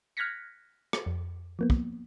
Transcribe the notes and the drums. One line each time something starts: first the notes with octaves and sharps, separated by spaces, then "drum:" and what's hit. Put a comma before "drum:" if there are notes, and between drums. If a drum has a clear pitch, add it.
F6 F#6 G#6 A#6 B6 C#7
drum: rim click
F2
F3 A#3 B3
drum: kick